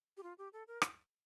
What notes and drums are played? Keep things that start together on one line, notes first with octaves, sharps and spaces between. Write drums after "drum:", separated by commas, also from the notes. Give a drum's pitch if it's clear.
G4
F4
G4
A4
A#4
drum: rim click